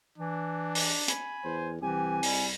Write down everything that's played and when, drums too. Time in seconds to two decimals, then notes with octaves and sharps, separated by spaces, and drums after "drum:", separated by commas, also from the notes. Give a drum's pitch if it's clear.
0.18 E3 D4
0.75 drum: open hi-hat
1.08 G#5 B5, drum: hi-hat
1.44 E2 C5
1.81 C2 E3 G4 G#5
2.23 G3, drum: open hi-hat